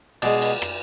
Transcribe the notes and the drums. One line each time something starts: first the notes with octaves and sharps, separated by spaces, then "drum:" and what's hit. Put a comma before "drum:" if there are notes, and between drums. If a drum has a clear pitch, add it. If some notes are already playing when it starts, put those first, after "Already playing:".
B2 G#3 D5, drum: cymbal
drum: cymbal
drum: rim click